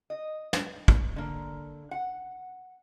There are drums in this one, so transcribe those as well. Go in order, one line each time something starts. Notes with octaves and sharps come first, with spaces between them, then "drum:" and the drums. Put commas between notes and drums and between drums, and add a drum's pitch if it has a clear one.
D#5
drum: snare
drum: kick
D3 A#3
F#5